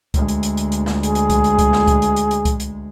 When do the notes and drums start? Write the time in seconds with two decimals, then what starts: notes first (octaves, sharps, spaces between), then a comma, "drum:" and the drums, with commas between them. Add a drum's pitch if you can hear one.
0.14 D2 G#3, drum: kick C2, hi-hat
0.28 drum: hi-hat
0.43 drum: hi-hat
0.57 drum: hi-hat
0.72 drum: hi-hat
0.86 drum: snare
1.03 G#4, drum: hi-hat
1.15 drum: hi-hat
1.30 drum: kick C2, hi-hat
1.44 drum: hi-hat
1.59 drum: kick C2, hi-hat
1.73 drum: snare
1.87 drum: kick C2, hi-hat
2.02 drum: hi-hat
2.16 drum: hi-hat
2.31 drum: hi-hat
2.45 drum: kick C2, hi-hat
2.60 drum: hi-hat